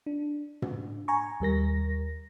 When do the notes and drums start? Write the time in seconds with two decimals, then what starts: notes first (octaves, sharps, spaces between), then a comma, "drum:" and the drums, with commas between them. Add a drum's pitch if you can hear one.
0.06 D4
0.62 drum: tom
1.08 G#5 A#5 C#6
1.40 D#2 G3 A#4 A#6